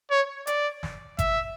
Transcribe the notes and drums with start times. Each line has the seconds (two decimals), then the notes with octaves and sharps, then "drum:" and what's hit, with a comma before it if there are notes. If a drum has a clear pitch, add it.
0.11 C#5
0.47 D5, drum: hi-hat
0.83 drum: snare
1.19 E5, drum: kick G#1, hi-hat